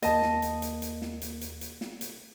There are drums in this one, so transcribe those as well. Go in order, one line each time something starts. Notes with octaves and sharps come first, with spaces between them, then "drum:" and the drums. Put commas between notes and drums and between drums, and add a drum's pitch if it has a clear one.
D#2 A#3 D#5 A5, drum: hi-hat
drum: snare
drum: hi-hat
drum: hi-hat
drum: hi-hat
drum: snare
drum: hi-hat
drum: hi-hat
drum: hi-hat
drum: snare
drum: hi-hat